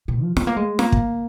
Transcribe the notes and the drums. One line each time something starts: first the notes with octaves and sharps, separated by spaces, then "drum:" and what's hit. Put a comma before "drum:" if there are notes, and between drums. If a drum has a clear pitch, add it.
A#2
F3
G#3, drum: snare
A#3
G#3
A#3, drum: snare
drum: kick